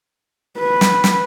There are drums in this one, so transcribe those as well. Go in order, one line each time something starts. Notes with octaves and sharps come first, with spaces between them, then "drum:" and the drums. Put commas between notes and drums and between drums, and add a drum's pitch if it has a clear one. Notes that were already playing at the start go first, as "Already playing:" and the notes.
B4
drum: snare
drum: snare